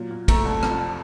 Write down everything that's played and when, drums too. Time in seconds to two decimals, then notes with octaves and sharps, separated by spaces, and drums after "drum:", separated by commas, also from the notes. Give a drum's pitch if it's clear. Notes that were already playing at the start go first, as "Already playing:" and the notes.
Already playing: A#2 F#3
0.11 A#2
0.28 A3 A#5, drum: kick, cymbal
0.45 C2 A5
0.63 F2, drum: rim click